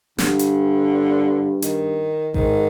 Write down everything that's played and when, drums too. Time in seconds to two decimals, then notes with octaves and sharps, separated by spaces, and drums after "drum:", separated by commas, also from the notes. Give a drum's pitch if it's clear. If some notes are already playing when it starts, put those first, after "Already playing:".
0.18 G2 D3, drum: snare
0.39 drum: hi-hat
1.62 D#3, drum: hi-hat
2.34 G#2 D#3, drum: kick A1